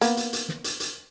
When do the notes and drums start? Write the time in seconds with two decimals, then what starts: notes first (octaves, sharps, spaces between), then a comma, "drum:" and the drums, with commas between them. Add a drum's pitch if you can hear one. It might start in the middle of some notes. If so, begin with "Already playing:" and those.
0.01 A#3 B3, drum: hi-hat
0.17 drum: hi-hat
0.33 drum: hi-hat
0.49 drum: snare
0.64 drum: hi-hat
0.80 drum: hi-hat